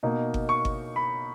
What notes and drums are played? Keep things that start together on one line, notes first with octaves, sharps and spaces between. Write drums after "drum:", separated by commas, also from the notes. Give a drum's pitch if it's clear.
B2 A#3 D#4
drum: kick G1
C#6
drum: kick G1
B5